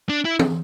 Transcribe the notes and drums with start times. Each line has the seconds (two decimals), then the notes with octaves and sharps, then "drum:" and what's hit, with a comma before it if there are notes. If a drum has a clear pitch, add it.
0.09 D4
0.25 E4
0.39 drum: tom